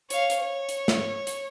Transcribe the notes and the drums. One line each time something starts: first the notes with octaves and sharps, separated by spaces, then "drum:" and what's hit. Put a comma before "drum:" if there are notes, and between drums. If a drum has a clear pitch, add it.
C#5 F5, drum: hi-hat
drum: hi-hat
C#5
drum: hi-hat
drum: snare
drum: hi-hat